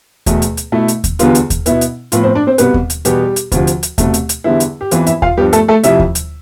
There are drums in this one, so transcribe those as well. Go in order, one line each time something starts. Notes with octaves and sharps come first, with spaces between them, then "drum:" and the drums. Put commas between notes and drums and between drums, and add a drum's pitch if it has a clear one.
E2 B2 A3, drum: kick D#2, hi-hat
drum: hi-hat
drum: hi-hat
B2 A3 E4
drum: hi-hat
drum: kick D#2, hi-hat
E2 D3 G3 B3 F4, drum: hi-hat
drum: hi-hat
drum: kick D#2, hi-hat
B2 B3 E4, drum: hi-hat
drum: hi-hat
A2 F3 B3 F4, drum: hi-hat
C4 C5
D4 D5
C4 C5
C2 B2 G3 B3 B4, drum: hi-hat
drum: kick D#2
drum: hi-hat
E2 B2 G3 B3 G4, drum: hi-hat
drum: hi-hat
D2 C3 F3, drum: kick D#2, hi-hat
drum: hi-hat
drum: hi-hat
C2 B2 A3, drum: kick D#2, hi-hat
drum: hi-hat
drum: hi-hat
E2 D3 G3 B3 E4
drum: hi-hat
G4
F2 E3 B3 F4, drum: hi-hat
E4 E5, drum: hi-hat
F4 F5, drum: kick D#2
G2 F3 G3 B3 G4
A3 A4, drum: hi-hat
A3 A4
F2 C3 F3 E4 E5, drum: hi-hat
drum: kick D#2
drum: hi-hat